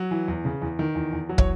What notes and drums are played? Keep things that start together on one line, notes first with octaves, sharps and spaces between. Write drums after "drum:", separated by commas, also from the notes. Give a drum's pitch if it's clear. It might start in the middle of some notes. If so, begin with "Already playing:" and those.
Already playing: F#3
E3
E2
C#3
E2
D#3
E2
E2
F#3
C#5, drum: kick